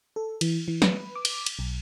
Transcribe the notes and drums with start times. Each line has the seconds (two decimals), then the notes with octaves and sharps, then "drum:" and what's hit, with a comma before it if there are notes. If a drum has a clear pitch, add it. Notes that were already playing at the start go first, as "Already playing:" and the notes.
0.16 A4
0.41 E3, drum: cymbal
0.68 E3
0.82 B4, drum: snare
1.16 D6
1.25 drum: cymbal
1.46 drum: cymbal
1.59 B1